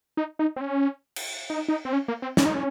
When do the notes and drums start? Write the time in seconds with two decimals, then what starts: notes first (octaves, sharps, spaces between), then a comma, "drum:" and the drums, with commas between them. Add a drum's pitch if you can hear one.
0.17 D#4
0.39 D#4
0.56 C4
0.61 C#4
1.16 drum: cymbal
1.50 D#4
1.68 D#4
1.85 C4
1.93 C#4
2.08 A#3
2.22 C4
2.37 C#4, drum: snare
2.45 D#4
2.54 C#4